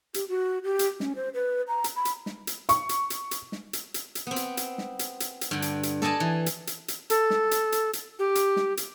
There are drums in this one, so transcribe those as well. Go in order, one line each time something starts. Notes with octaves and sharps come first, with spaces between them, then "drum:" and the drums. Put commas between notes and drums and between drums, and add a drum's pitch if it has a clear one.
G4, drum: hi-hat
F#4
G4
drum: hi-hat
C#4, drum: snare
C5
B4
A#5
drum: hi-hat
B5
drum: hi-hat
drum: snare
drum: hi-hat
C#6, drum: hi-hat
drum: hi-hat
drum: hi-hat
drum: hi-hat
drum: snare
drum: hi-hat
drum: hi-hat
drum: hi-hat
B3 C4
drum: hi-hat
drum: hi-hat
drum: snare
drum: hi-hat
drum: hi-hat
drum: hi-hat
G2 D3
drum: hi-hat
drum: hi-hat
A4 D5 D#5 G#5 A5, drum: snare
E3
drum: hi-hat
drum: hi-hat
drum: hi-hat
A4, drum: hi-hat
drum: snare
drum: hi-hat
drum: hi-hat
drum: hi-hat
G4
drum: hi-hat
drum: snare
drum: hi-hat